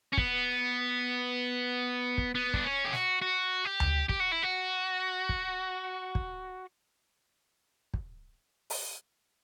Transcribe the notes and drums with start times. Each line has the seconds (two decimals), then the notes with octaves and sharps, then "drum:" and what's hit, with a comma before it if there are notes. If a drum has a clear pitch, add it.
0.13 C#4
0.17 B3, drum: kick
2.18 drum: kick
2.35 B3
2.54 D4, drum: kick
2.64 C#4
2.85 G4
2.93 F#4, drum: snare
3.22 F#4
3.65 G4
3.80 drum: tom D2
4.09 G4, drum: kick
4.20 F#4
4.32 E4
4.43 F#4
5.29 drum: kick
6.15 drum: kick
7.94 drum: kick
8.70 drum: open hi-hat